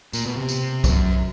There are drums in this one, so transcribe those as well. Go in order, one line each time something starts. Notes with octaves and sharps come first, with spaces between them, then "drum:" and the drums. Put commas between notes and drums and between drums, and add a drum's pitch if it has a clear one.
A#2, drum: tambourine
B2
C3
drum: tambourine
F#2, drum: kick B1, tambourine